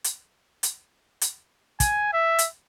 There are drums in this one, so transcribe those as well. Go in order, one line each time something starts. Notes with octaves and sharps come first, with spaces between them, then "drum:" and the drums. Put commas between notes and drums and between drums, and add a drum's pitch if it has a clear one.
drum: hi-hat
drum: hi-hat
drum: hi-hat
G#5, drum: kick, hi-hat
E5
drum: hi-hat